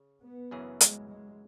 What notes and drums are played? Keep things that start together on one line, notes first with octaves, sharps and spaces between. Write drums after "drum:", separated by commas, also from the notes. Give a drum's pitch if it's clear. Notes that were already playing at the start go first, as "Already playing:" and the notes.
Already playing: C#3
B3
F#2 C#3 E3 C#4 G#4
G#3, drum: hi-hat
G#3